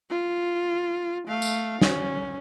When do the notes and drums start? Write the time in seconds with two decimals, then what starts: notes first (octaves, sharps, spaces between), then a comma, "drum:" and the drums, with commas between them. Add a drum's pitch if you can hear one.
0.10 F4
1.28 A3 F5
1.42 drum: tambourine
1.81 C#4, drum: snare